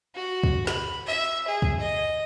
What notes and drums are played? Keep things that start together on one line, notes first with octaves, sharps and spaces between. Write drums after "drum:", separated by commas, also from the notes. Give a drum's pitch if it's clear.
F#4
drum: kick
B5, drum: snare
E5
G#4
drum: kick
D#5